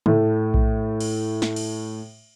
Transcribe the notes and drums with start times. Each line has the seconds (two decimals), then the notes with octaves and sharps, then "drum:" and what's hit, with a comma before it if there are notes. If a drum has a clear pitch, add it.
0.06 A2 A3, drum: tom
0.54 drum: kick A#1
1.00 drum: cymbal
1.42 drum: snare
1.56 drum: cymbal